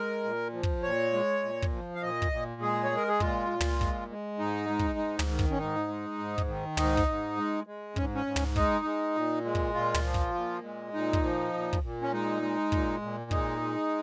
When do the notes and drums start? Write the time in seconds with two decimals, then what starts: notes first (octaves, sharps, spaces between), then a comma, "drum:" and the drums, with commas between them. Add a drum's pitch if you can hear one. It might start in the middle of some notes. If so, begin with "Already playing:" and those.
Already playing: G#3 A#4
0.24 A#2
0.53 F3
0.63 drum: kick
0.83 A#2 C#5
1.13 G#3
1.42 A#2
1.62 drum: kick
1.72 F3
1.95 F5
2.02 A#2 D#5
2.22 drum: kick
2.32 A#2
2.61 G#3 G#4
2.84 C#5
2.91 G#3
2.97 A#4
3.08 G#4
3.20 A#2 F4, drum: kick
3.50 A#2
3.60 drum: tom
3.81 G#3, drum: kick
4.10 G#3
4.39 G#2 D#4
4.70 G#3
4.79 drum: kick
4.99 G#2
5.19 drum: tom
5.29 D#3
5.39 drum: kick
5.51 C#4
5.59 G#2 D#4
5.88 G#3
6.18 G#2
6.38 drum: kick
6.48 D#3
6.77 G#2 D#4, drum: tom
6.97 drum: kick
7.08 G#2
7.37 G#3
7.67 G#3
7.96 G#2 C#4, drum: kick
8.15 C#4
8.26 G#2
8.36 drum: tom
8.56 G#3 D#4, drum: kick
8.85 G#3
9.15 A#2
9.45 G#3
9.55 drum: kick
9.74 A#2 F4
9.94 drum: tom
10.04 F3
10.14 drum: kick
10.34 A#2
10.64 G#3
10.94 A#2 D#4
11.13 drum: kick
11.23 F3
11.53 A#2
11.73 drum: kick
11.83 A#2
12.02 C#4
12.12 G#3 D#4
12.42 G#3
12.72 A#2, drum: kick
13.02 A#2
13.31 G#3 D#4, drum: kick
13.61 G#3